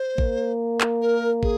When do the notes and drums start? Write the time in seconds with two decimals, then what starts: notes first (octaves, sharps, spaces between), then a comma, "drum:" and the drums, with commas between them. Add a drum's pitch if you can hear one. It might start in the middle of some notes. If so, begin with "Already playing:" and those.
Already playing: C5
0.18 A#3, drum: kick
0.81 drum: clap
1.01 A#4
1.43 G#4, drum: kick